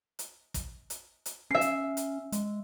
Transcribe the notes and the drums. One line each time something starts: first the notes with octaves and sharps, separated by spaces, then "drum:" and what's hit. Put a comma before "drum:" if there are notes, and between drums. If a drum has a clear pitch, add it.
drum: hi-hat
drum: kick, hi-hat
drum: hi-hat
drum: hi-hat
C#4 E5 C7
drum: hi-hat
drum: hi-hat
G#3, drum: hi-hat